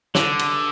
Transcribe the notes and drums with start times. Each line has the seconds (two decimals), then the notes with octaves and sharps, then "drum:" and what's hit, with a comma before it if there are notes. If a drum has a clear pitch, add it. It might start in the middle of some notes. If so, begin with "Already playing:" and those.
0.15 D3, drum: snare
0.39 drum: cymbal